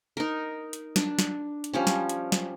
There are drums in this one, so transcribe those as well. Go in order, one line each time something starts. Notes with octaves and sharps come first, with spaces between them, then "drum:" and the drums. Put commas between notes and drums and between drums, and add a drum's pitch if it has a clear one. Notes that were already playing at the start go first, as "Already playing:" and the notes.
D#4 A#4
drum: hi-hat
D4, drum: snare
drum: snare
drum: hi-hat
F3 G3 C#4
drum: snare
drum: hi-hat
drum: snare